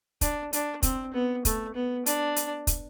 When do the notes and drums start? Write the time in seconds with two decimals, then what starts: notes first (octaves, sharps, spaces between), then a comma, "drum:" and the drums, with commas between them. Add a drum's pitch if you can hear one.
0.21 D4, drum: kick, hi-hat
0.53 D4, drum: hi-hat
0.83 C4, drum: kick, hi-hat
1.14 B3
1.45 A3, drum: kick, hi-hat
1.75 B3
2.06 D4, drum: hi-hat
2.36 drum: hi-hat
2.67 drum: kick, hi-hat